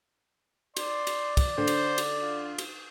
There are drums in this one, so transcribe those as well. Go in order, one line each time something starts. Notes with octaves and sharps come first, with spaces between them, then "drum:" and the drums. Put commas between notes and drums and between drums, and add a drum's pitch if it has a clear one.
D5 C6, drum: cymbal
drum: cymbal
drum: kick, cymbal
D3 C5
drum: cymbal
drum: cymbal
F4
drum: cymbal